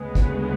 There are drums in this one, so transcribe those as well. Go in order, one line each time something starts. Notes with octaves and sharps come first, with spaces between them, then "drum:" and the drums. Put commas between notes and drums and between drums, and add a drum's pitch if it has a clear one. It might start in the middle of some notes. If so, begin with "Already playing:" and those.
Already playing: D2 C#3 G#3 B3
drum: kick